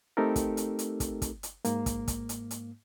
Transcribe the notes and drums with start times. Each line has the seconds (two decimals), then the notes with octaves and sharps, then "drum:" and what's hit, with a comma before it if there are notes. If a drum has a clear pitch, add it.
0.17 A3 C4 D#4 G4 A4 A#4
0.36 drum: kick, hi-hat
0.57 drum: hi-hat
0.79 drum: hi-hat
1.00 drum: kick, hi-hat
1.22 drum: kick, hi-hat
1.43 drum: hi-hat
1.65 G#2 A#3, drum: hi-hat
1.86 drum: kick, hi-hat
2.08 drum: kick, hi-hat
2.29 drum: hi-hat
2.51 drum: hi-hat